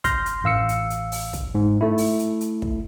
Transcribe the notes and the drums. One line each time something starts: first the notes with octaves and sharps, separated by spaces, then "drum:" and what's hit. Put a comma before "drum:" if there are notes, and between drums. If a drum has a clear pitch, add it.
C6 F6 G6 A#6, drum: kick, hi-hat
drum: hi-hat
A1 F5 E6 C#7
drum: hi-hat
drum: hi-hat
drum: open hi-hat
drum: kick, hi-hat
G#2
A3 E4
drum: open hi-hat
drum: hi-hat
drum: hi-hat
drum: kick